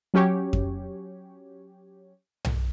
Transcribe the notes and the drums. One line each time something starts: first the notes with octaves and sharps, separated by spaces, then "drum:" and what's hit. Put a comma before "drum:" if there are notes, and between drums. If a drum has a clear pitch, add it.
F#3 C#4 G4 C#5
drum: kick F2
drum: tom B1